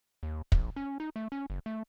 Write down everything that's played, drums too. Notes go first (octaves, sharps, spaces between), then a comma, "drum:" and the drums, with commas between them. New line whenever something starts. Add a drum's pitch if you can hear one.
D#2
A#1, drum: kick
C#4
D#4
A3
C#4
F#1
A3